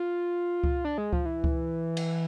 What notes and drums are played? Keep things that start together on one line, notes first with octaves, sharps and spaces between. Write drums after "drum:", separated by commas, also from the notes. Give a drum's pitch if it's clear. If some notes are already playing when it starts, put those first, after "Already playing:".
Already playing: F4
drum: kick C#2
D4
G#3
F3, drum: kick C#2
E3
drum: kick C#2
drum: cymbal